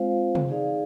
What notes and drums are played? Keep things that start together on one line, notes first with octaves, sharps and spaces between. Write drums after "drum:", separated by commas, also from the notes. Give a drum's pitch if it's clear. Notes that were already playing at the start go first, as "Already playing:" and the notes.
Already playing: G#3 C4 F4 C5 F5
drum: tom
D#4 G#4 D5 F5